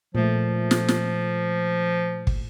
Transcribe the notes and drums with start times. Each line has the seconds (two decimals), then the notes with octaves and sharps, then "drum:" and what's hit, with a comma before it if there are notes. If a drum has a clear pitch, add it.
0.15 A#2 F3 A3
0.71 drum: snare
0.88 drum: snare
2.27 drum: kick